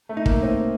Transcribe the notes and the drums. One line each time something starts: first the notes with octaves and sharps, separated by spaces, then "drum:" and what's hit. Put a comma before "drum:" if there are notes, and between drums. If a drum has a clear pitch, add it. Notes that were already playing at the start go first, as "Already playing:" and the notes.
A3
D#4
A#3, drum: kick
C4 D#4